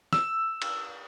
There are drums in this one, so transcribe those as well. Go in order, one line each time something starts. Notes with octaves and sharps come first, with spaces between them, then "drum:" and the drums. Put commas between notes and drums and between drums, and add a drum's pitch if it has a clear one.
E6, drum: snare
drum: cymbal